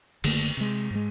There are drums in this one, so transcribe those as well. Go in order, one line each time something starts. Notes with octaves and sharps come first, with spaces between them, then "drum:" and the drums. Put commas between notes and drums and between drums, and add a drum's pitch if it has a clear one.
F#1 D3 A3 A#3, drum: cymbal
C3 G#3
G#2 G#3